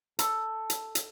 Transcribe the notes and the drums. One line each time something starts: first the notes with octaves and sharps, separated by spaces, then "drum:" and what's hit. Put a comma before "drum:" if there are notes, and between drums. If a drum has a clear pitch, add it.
A4, drum: hi-hat
drum: hi-hat
drum: hi-hat